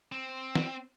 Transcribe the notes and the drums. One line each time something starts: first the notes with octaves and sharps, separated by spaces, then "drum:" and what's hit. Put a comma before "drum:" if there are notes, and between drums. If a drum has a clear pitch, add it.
C4
drum: snare